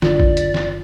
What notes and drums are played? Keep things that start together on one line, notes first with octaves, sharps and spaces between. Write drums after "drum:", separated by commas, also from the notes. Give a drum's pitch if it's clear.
F#1 D3 F4 D5, drum: snare
drum: kick A1
drum: hi-hat
drum: snare